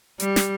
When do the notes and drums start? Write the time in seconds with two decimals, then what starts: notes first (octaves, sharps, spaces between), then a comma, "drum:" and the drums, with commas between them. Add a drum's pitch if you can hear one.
0.20 G3, drum: hi-hat
0.36 drum: snare